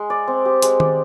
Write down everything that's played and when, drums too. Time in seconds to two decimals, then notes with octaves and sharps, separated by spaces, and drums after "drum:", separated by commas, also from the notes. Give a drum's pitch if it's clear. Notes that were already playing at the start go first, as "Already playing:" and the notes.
Already playing: G#3
0.10 D5
0.27 C4
0.45 G4
0.62 G#3, drum: hi-hat
0.80 D5, drum: tom D#3